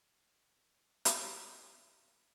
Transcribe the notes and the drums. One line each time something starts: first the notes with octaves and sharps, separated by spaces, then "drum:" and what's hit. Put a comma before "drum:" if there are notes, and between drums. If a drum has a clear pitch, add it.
E4, drum: hi-hat